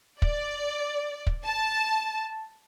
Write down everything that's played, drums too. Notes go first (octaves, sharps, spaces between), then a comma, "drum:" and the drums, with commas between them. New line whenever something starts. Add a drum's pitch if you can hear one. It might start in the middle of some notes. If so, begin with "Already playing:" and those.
D5, drum: kick
drum: kick
A5